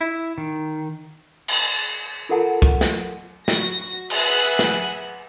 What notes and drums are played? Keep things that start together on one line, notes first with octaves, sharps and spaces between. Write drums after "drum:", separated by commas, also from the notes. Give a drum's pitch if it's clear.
E4
D#3
drum: cymbal
F4 A4 A#4 F#5 A5 A#5
drum: kick
drum: snare
F#4 A#6, drum: snare
G#4 B4 E5 F#5 F#6, drum: cymbal
drum: snare